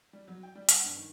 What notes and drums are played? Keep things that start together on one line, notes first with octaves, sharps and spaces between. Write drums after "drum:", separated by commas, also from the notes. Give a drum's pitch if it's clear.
G3
F#3
G5
G3
F#5, drum: hi-hat
G2
D#3